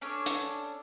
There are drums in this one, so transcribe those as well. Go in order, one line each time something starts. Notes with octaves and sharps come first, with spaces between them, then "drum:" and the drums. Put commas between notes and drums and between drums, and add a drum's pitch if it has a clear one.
C#4 D4 A4 C#5
drum: hi-hat